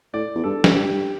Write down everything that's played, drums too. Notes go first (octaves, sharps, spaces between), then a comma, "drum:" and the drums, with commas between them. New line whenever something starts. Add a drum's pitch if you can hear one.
A2 D5
E2
G2 A4
drum: snare
G2 G4